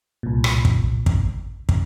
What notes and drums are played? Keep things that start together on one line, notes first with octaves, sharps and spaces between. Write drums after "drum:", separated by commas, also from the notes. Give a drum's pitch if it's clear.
C2 A#2
drum: rim click
drum: kick
drum: kick
drum: kick